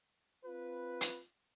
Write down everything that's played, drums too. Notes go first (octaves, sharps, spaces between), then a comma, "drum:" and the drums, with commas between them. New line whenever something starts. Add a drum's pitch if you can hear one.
C4 F4 B4
drum: hi-hat